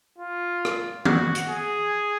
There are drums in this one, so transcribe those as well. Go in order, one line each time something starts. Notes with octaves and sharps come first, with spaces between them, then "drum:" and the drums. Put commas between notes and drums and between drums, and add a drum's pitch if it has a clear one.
F4
drum: rim click
F#4, drum: tom D#3
drum: hi-hat
G#4